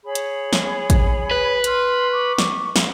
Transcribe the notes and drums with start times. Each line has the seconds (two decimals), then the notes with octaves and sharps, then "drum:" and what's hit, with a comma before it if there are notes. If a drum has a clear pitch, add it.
0.04 G#4 C#5 B5
0.15 drum: hi-hat
0.53 drum: snare
0.90 drum: kick A1, hi-hat
1.31 B4
1.64 C6 F6, drum: hi-hat
2.10 C#6 D6
2.38 drum: snare
2.76 drum: snare